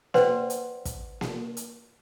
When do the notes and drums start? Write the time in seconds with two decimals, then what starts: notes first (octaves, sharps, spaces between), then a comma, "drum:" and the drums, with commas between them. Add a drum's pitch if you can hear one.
0.14 B4 C5 D5 F#5 G5 C6, drum: snare A#3
0.50 drum: hi-hat
0.85 drum: kick, hi-hat
1.21 drum: snare A#3
1.57 drum: hi-hat